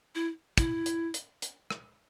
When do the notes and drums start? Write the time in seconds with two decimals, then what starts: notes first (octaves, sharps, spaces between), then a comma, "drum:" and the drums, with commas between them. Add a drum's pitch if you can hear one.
0.15 E4
0.58 E4, drum: kick, hi-hat
0.86 drum: hi-hat
1.14 drum: hi-hat
1.42 drum: hi-hat
1.70 drum: rim click